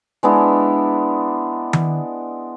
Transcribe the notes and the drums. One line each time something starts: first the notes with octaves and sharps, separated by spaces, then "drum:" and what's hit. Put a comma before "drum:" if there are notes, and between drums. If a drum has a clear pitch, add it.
G#3 B3 D4 E4
drum: tom D#3